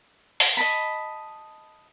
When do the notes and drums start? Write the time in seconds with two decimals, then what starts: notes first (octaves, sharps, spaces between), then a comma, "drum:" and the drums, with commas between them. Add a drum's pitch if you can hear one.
0.40 drum: open hi-hat
0.57 D#5 A5 B5